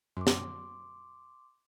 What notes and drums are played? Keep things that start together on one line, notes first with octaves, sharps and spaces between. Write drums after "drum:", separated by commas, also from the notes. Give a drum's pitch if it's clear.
F#2 C6 D6
drum: snare